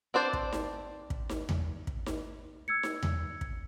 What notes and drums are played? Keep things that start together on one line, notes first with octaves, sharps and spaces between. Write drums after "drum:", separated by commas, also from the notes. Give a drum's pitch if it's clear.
C4 D4 C5 D5
drum: kick
drum: snare D#4
drum: kick
drum: snare D#4
drum: tom E2
drum: kick
drum: snare D#4
E6 G#6 C#7
drum: snare D#4
drum: tom E2
drum: kick